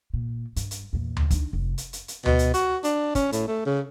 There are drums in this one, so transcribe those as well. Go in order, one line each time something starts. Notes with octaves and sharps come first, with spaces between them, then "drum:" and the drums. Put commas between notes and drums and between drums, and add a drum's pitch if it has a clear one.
A#2
G2, drum: hi-hat
drum: hi-hat
E2 A#2
drum: tom D2
D4 D#4, drum: kick, hi-hat
F1
drum: hi-hat
drum: hi-hat
drum: hi-hat
B2, drum: tom D2
drum: hi-hat
F#4, drum: hi-hat
D4, drum: hi-hat
C#4, drum: kick, hi-hat
A2, drum: hi-hat
A3
C#3